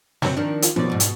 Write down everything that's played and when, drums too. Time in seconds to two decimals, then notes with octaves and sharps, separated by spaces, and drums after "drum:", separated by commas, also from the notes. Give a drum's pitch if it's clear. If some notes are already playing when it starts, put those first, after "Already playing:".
0.22 F#2 F#3 C4, drum: snare
0.37 D#3 F3 D4
0.62 F4, drum: hi-hat
0.76 D#2 B2 F3 D5
0.90 F2 G#2
1.00 drum: hi-hat